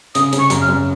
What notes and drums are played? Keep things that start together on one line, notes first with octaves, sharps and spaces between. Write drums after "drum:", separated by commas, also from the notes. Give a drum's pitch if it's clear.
C#3 D#6, drum: hi-hat
C#3, drum: hi-hat
C#6
F#2, drum: hi-hat
F6
F#2